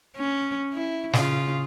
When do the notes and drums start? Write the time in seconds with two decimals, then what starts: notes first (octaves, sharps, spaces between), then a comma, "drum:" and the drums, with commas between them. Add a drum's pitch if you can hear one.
0.16 C#4
0.73 E4
1.13 C#3 F4, drum: snare